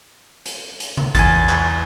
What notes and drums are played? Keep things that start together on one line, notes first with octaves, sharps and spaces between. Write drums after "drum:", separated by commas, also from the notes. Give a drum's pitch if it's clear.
drum: hi-hat
drum: hi-hat
drum: tom C3
E2 G#5 A6, drum: kick G#1, hi-hat
drum: clap